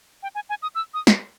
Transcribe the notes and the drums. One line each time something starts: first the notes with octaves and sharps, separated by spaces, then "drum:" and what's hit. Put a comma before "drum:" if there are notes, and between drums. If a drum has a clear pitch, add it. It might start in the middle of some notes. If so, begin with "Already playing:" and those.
G5
G#5
G#5
D#6
E6
D#6
drum: snare